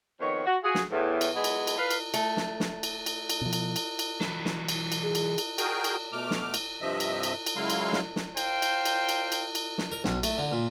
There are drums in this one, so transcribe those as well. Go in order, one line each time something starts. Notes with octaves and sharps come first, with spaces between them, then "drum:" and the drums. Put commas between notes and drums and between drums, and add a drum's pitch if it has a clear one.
F2 D#3 B3 C#5
F#4
F4 F#4 G#4
drum: snare
E2 A2
drum: cymbal
F#3 G#3 B3 E4 G#4
drum: cymbal
drum: cymbal
B4 F5
drum: cymbal
A3, drum: cymbal
drum: snare
drum: snare
drum: cymbal
drum: cymbal
drum: cymbal
B2 F3
drum: cymbal
drum: cymbal
drum: cymbal
E3 F#3, drum: snare
drum: snare
drum: cymbal
drum: cymbal
G#4
drum: cymbal
drum: cymbal
F#4 G#4 A#4 G5, drum: cymbal
drum: cymbal
B2 A3 D6 F6
drum: snare
drum: cymbal
G2 C3 F3 D#5 E5
drum: cymbal
drum: cymbal
drum: cymbal
C#3 F#3 G#3 E4 F5 C6
drum: cymbal
drum: snare
drum: snare
C5 F5 G5, drum: cymbal
drum: cymbal
drum: cymbal
drum: cymbal
drum: cymbal
drum: cymbal
drum: snare
A#4
B1, drum: snare
A3, drum: cymbal
D3
A#2